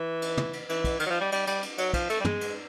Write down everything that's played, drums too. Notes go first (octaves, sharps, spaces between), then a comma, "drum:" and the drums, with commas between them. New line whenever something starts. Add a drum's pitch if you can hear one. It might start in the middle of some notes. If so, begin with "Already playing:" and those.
Already playing: E3
drum: cymbal
drum: tom
drum: cymbal
E3, drum: cymbal
drum: kick, cymbal
D#3, drum: cymbal
F#3
F3
G3
G3, drum: cymbal
G3, drum: cymbal
drum: cymbal
F#3, drum: cymbal
F3, drum: kick, cymbal
A3, drum: cymbal
G3
G#3, drum: tom
drum: cymbal